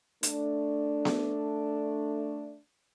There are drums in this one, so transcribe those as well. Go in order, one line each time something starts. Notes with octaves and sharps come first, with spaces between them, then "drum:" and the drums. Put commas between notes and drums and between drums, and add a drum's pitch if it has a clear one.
A3 D4, drum: hi-hat
drum: snare B3